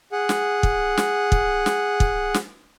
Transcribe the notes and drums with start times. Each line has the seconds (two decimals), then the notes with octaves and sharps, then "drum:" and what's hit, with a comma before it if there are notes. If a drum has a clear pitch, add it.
0.12 G#4 F#5
0.29 drum: snare
0.63 drum: kick
0.97 drum: snare
1.32 drum: kick
1.66 drum: snare
2.00 drum: kick
2.34 drum: snare